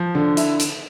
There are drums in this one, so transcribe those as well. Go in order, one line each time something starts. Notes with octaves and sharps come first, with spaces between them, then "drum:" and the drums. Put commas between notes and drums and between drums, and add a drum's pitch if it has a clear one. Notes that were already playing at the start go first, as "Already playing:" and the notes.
Already playing: F3
D3
E4, drum: hi-hat
drum: hi-hat